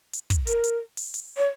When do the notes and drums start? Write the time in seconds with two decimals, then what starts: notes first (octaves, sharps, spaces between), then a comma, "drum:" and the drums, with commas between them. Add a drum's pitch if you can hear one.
0.13 drum: hi-hat
0.30 drum: kick, hi-hat
0.47 A#4, drum: hi-hat
0.64 drum: hi-hat
0.97 drum: open hi-hat
1.14 drum: hi-hat
1.37 C#5